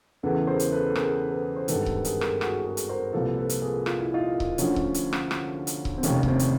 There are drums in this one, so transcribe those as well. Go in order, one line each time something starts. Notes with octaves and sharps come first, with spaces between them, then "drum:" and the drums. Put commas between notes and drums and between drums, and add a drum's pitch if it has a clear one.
E2 C#3 E3 A4 B4
A#4 C5
drum: hi-hat
A4 B4
A4
G#4 A#4, drum: rim click
A4 B4
C5
G#1 G2 D#3 A4 B4, drum: hi-hat
drum: kick C#1
G#4 A#4, drum: hi-hat
A#4, drum: rim click
A4
F#4 G#4, drum: rim click
G#4 A#4
drum: hi-hat
A#4 C5
C2 A#2 F3 A4 B4
A4 B4
drum: hi-hat
G#4 A#4
F4, drum: rim click
E4
D#4 F4
drum: kick C#1
D2 D3 F3 C#4, drum: hi-hat
drum: kick C#1
drum: hi-hat
drum: rim click
drum: rim click
drum: hi-hat
drum: kick C#1
C4
F1 D#2 D#3 C#4, drum: hi-hat
C#4, drum: kick C#1
C4
drum: hi-hat